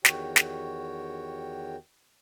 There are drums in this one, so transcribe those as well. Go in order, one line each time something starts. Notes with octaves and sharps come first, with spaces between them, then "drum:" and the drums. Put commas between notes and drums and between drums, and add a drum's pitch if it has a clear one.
E2 D#3 F#4 G4 C#5 G5, drum: snare
drum: snare